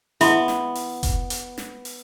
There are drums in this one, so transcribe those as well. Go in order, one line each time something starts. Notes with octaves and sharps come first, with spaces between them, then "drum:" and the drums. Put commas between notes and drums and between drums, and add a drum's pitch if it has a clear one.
B3 E4 E5 C6, drum: hi-hat
drum: snare
drum: open hi-hat
drum: kick F1, hi-hat
drum: hi-hat
drum: snare
drum: open hi-hat